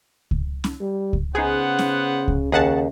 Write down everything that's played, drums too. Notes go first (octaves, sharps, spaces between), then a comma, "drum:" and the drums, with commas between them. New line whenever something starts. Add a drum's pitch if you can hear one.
drum: kick C#2
drum: snare
G3
drum: kick C#2
C#3 B3 D#4 G#4 C5 F#5
drum: snare
drum: kick C#2
D#2 C#3 G#4 F#5 A5